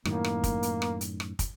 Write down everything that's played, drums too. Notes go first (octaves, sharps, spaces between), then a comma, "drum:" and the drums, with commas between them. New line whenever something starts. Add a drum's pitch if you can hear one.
F#2 A2 D#3 A#3, drum: rim click
drum: rim click
drum: kick, hi-hat
drum: hi-hat
drum: rim click
drum: hi-hat
drum: rim click
drum: kick, hi-hat